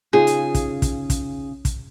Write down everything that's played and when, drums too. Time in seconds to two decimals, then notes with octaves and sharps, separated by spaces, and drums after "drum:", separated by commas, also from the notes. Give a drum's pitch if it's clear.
0.13 C#3 D#4 F4 G#4
0.27 drum: hi-hat
0.54 drum: kick, hi-hat
0.82 drum: kick, hi-hat
1.10 drum: kick, hi-hat
1.65 drum: kick, hi-hat